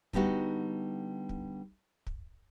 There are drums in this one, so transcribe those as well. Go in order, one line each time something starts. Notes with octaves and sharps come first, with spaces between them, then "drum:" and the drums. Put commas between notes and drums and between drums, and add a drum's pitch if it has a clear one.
D3 G3 B3 D#4 F#4, drum: kick
drum: kick
drum: kick